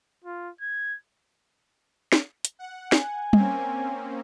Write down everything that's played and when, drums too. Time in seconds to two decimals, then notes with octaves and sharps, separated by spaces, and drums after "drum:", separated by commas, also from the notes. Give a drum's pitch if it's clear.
0.24 F4
0.61 G#6
2.12 drum: snare
2.45 drum: hi-hat
2.59 F#5
2.92 G#5, drum: snare
3.33 A#3 C4 C#4, drum: tom G3